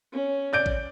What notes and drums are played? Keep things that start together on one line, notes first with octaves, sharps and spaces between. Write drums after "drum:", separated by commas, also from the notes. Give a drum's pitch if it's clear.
C#4
D5 G6 D7
drum: kick A1